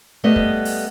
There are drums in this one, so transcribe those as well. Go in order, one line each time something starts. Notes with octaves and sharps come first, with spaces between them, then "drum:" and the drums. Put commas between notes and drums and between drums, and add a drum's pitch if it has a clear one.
G3 A3 B3 D5 D#5
drum: kick
drum: open hi-hat